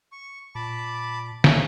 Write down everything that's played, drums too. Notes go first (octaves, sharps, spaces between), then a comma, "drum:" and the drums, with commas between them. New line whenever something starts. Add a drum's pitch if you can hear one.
C#6
A#2 A5 B5 D6
C#3 A3 C#5 G#5, drum: snare